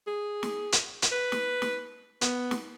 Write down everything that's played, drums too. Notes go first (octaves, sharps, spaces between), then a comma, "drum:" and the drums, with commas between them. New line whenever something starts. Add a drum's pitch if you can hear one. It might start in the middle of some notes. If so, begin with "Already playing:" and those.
G#4
drum: snare
drum: hi-hat
drum: hi-hat
B4
drum: snare
drum: snare
B3, drum: hi-hat
drum: snare